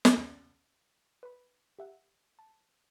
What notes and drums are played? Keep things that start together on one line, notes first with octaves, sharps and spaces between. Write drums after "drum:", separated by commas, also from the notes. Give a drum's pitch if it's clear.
drum: snare
D#2 G#3 C#4
B4 B5
G4 E5 F#5
A5